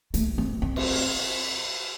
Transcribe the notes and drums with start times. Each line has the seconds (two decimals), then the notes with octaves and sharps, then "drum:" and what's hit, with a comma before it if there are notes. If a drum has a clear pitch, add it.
0.14 A3, drum: hi-hat
0.38 C4
0.62 C4
0.76 drum: cymbal